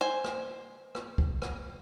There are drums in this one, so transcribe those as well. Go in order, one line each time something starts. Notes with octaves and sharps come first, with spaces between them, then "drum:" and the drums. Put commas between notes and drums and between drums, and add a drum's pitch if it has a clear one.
C5 G#5
drum: rim click
drum: rim click
drum: kick
drum: rim click